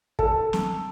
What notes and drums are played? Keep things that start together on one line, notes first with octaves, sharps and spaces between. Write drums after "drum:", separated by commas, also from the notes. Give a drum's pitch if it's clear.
A4, drum: kick
drum: snare